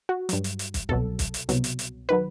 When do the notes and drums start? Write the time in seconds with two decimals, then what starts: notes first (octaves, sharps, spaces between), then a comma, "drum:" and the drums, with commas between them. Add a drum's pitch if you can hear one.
0.09 F#4
0.29 G2 F#3, drum: hi-hat
0.44 drum: hi-hat
0.59 drum: hi-hat
0.74 drum: kick, hi-hat
0.89 C2 B2 F#3 A4, drum: kick
1.19 drum: kick, hi-hat
1.34 drum: hi-hat
1.49 C2 B2 F#3, drum: hi-hat
1.64 drum: hi-hat
1.79 drum: hi-hat
2.09 D#3 F#3 B4